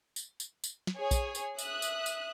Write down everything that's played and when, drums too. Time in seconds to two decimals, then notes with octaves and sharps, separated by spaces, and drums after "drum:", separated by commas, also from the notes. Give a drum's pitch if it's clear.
0.16 drum: tambourine
0.40 drum: tambourine
0.64 drum: tambourine
0.87 drum: snare
0.97 G#4 C#5 G#5
1.11 drum: kick A#1, tambourine
1.35 drum: tambourine
1.59 E5 D#6 F#6, drum: tambourine
1.82 drum: tambourine
2.06 drum: tambourine